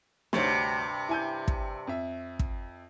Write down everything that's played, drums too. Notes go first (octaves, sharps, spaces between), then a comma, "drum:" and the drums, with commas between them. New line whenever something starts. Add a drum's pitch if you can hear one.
D2 G2 C3 C5 C#5, drum: snare
E4 G#5 G6
drum: kick
F2 E5
drum: kick